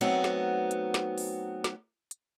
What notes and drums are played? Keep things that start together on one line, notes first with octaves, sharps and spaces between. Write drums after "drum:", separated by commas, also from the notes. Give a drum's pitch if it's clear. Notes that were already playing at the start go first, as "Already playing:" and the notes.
F#3 A3 B3 C4 D#4 F#4
drum: snare
drum: hi-hat
drum: snare
drum: open hi-hat
drum: snare
drum: hi-hat